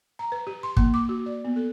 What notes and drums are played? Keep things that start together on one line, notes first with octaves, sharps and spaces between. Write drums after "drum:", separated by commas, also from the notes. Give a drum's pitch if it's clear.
A#5
B4
G4
C6
A#3, drum: kick
D6
F#4
D5
B3
A4